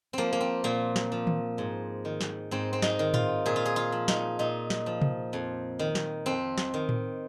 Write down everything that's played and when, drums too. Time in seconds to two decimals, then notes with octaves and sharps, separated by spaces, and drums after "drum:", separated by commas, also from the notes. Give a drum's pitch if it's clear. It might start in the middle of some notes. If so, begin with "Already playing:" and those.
0.13 F3 A#3 C4
0.33 A#3
0.41 C4
0.64 A#2 A#3
0.96 drum: snare
1.12 F3
1.27 drum: tom D#3
1.58 G#2
2.05 D#3
2.21 drum: snare
2.51 G#2 C4
2.73 C4
2.82 D#4, drum: snare
2.99 D#3
3.14 F4, drum: tom A2
3.46 A#2 G#4
3.56 F4
3.66 G#4
3.76 F4
3.92 F3
4.08 D#4, drum: snare
4.39 A#2 D#4
4.70 drum: snare
4.86 F3
5.02 drum: tom C3
5.33 F2
5.79 D#3
5.95 drum: snare
6.26 F2 C4
6.58 drum: snare
6.74 D#3
6.89 drum: tom A2